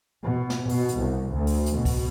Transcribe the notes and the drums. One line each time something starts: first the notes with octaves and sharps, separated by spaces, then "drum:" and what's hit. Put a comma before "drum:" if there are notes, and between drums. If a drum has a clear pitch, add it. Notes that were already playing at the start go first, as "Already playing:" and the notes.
B2
drum: snare
B2, drum: open hi-hat
drum: hi-hat
C2
D2
drum: open hi-hat
drum: hi-hat
B2
drum: kick C#2, open hi-hat